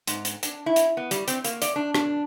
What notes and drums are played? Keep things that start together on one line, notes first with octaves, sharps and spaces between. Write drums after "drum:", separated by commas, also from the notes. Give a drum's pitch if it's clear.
G#2, drum: hi-hat
drum: hi-hat
D4, drum: hi-hat
E4
drum: hi-hat
B3
G3, drum: hi-hat
C4, drum: hi-hat
A#3, drum: hi-hat
D5, drum: hi-hat
D4
D4, drum: rim click